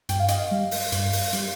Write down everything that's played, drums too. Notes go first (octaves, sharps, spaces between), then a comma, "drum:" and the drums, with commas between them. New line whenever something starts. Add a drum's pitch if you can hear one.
G2 G5, drum: hi-hat
F5
D#5, drum: hi-hat
F5
G3
drum: open hi-hat
G2, drum: hi-hat
drum: open hi-hat
G3, drum: hi-hat